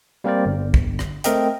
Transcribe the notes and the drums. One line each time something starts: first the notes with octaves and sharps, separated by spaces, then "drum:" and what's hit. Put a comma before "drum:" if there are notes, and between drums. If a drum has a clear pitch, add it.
G3 A#3 C4 A#4 C5 D5
G1
drum: kick
drum: rim click
A3 C4 A#4 D#5 G5, drum: hi-hat